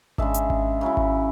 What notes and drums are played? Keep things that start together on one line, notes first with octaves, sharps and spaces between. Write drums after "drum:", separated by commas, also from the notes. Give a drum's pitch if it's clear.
C#3 G#3 D4 E5, drum: kick G#1
drum: hi-hat
drum: kick G#1
C#3 F#3 C#4 E4
drum: kick G#1